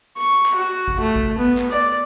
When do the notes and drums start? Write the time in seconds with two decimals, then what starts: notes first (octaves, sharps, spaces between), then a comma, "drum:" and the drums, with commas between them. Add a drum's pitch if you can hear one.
0.18 C#6
0.46 drum: clap
0.55 F#4
0.88 drum: kick G#1
1.01 A3
1.16 drum: kick G#1
1.38 B3
1.57 drum: clap
1.71 D5